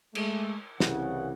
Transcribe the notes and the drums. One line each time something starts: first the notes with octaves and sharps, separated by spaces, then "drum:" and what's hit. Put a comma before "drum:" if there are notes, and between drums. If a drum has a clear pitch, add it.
G#3 A3, drum: cymbal
C2 C#3 E3 F#5, drum: snare